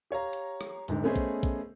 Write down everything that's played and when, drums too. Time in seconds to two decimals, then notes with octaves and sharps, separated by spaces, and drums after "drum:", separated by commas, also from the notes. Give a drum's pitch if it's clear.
0.11 G4 C#5 F5 A#5
0.33 drum: hi-hat
0.61 drum: rim click
0.88 G1 G#2 D3, drum: hi-hat
1.04 A3 B3 C#4 G#4 C5 D#5
1.16 drum: kick A#1, hi-hat
1.43 drum: kick A#1, hi-hat